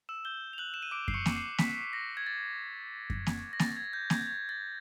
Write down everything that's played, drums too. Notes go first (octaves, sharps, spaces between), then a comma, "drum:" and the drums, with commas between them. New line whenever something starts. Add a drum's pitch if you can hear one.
E6 E7
G6 G7
F7
F#6 F#7
E7
D#7
D6 D7
C7, drum: kick F#2
C#6 C#7
drum: snare A#3
C7
B6, drum: snare A#3
A#6
G#6
A6
drum: kick F#2
drum: snare A#3
A#6
A6, drum: snare A#3
G#6
G6
G#6, drum: snare A#3
G#6
A6